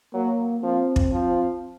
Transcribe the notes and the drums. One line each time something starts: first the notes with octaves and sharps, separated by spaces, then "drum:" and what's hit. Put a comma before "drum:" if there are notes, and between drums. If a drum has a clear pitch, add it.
F#3 A#3
F3 C4
drum: kick
F3